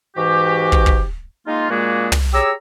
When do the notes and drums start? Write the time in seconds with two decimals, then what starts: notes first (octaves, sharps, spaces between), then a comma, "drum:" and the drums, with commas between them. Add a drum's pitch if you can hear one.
0.16 G#2 E3 F#4 G4
0.72 drum: kick
0.86 drum: kick
1.47 G#3 A#3 D#4 F4
1.70 A#2 G#3 A#3 D4 F#4 G#4
2.12 drum: tom
2.33 G4 G#4 C#5 A#5 D6 E6